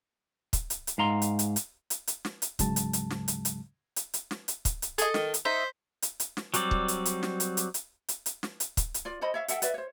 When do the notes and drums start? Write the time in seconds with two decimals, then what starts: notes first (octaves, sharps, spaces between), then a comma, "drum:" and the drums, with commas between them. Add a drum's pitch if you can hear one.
0.53 drum: kick, hi-hat
0.70 drum: hi-hat
0.87 drum: hi-hat
0.98 G#2 F5 A#5 C6
1.22 drum: hi-hat
1.39 drum: hi-hat
1.56 drum: hi-hat
1.90 drum: hi-hat
2.07 drum: hi-hat
2.25 drum: snare
2.42 drum: hi-hat
2.59 D2 G#2 C#3 F#3 G#3 A5, drum: kick, hi-hat
2.76 drum: hi-hat
2.93 drum: hi-hat
3.10 drum: snare
3.28 drum: hi-hat
3.45 drum: hi-hat
3.96 drum: hi-hat
4.14 drum: hi-hat
4.31 drum: snare
4.48 drum: hi-hat
4.65 drum: kick, hi-hat
4.82 drum: hi-hat
4.98 G#4 A4 D#5, drum: hi-hat
5.14 D#3, drum: snare
5.34 drum: hi-hat
5.45 D#4 C5 E5
6.02 drum: hi-hat
6.20 drum: hi-hat
6.37 drum: snare
6.54 F#3 G3 C4 D5, drum: hi-hat
6.71 drum: kick
6.88 drum: hi-hat
7.05 drum: hi-hat
7.23 drum: snare
7.40 drum: hi-hat
7.57 drum: hi-hat
7.74 drum: hi-hat
8.08 drum: hi-hat
8.26 drum: hi-hat
8.43 drum: snare
8.60 drum: hi-hat
8.77 drum: kick, hi-hat
8.94 drum: hi-hat
9.05 F4 D5
9.21 A4 C5 D#5 B5
9.34 C#5 E5 F5
9.48 A4 E5 F#5 G5, drum: hi-hat
9.62 B4 D5 E5 F5, drum: hi-hat
9.74 C5 C#5